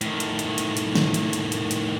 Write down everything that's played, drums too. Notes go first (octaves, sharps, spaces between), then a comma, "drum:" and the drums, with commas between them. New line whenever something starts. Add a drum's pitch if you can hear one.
A2 D#3, drum: hi-hat
drum: hi-hat
drum: hi-hat
drum: hi-hat
drum: hi-hat
drum: snare
drum: hi-hat
drum: hi-hat
drum: hi-hat
drum: hi-hat